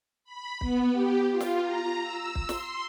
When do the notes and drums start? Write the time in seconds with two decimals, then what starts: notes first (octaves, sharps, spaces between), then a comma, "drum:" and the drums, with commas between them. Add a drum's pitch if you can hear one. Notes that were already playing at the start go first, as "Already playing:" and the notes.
0.24 B5
0.61 B3, drum: kick
0.91 G4
1.30 F4
1.41 drum: snare
1.61 A#5
2.02 E6
2.35 drum: kick
2.49 C6, drum: snare